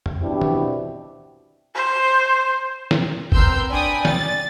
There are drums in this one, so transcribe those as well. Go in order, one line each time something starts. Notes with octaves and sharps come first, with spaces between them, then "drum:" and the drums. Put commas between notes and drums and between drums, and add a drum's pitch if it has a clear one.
drum: tom F2
B2 E3 C4 D4 E4 G4
drum: tom
C5
drum: snare
B3 C4 A#4 C6 E6 G6, drum: kick G1
D4 D5 G5 G#5 B5 D#6
D5 A6, drum: snare